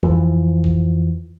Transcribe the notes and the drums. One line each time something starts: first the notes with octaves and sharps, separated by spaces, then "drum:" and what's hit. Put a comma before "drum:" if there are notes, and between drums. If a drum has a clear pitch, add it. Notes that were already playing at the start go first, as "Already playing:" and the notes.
F2 E3 F3, drum: kick
drum: kick